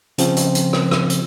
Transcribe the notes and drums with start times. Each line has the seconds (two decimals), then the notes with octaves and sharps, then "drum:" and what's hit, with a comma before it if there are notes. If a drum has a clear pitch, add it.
0.18 C#3 F3 C4, drum: hi-hat
0.37 drum: hi-hat
0.55 drum: hi-hat
0.73 drum: rim click
0.91 drum: rim click
1.10 drum: hi-hat